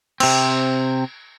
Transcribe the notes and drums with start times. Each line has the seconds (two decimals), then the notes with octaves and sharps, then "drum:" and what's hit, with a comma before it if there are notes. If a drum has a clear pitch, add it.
0.20 C3 C4, drum: cymbal